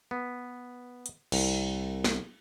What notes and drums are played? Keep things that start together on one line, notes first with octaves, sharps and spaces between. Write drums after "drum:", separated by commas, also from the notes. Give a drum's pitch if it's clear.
B3
drum: hi-hat
C2, drum: cymbal
drum: snare